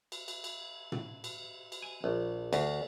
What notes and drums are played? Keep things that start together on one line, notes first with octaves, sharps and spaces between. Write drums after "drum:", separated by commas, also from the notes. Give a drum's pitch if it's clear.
drum: cymbal
drum: cymbal
drum: cymbal
drum: tom
drum: cymbal
drum: cymbal
G#5
A#1
D2, drum: cymbal